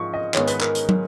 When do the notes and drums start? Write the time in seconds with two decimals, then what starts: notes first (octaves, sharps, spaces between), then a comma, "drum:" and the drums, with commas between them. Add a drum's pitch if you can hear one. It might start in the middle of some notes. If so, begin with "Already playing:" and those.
Already playing: G#2 F3 C#6
0.14 D#5
0.34 G#2 D#3 G#3 B3 C#5, drum: clap
0.48 B4, drum: hi-hat
0.61 A#4, drum: clap
0.75 drum: hi-hat
0.89 drum: tom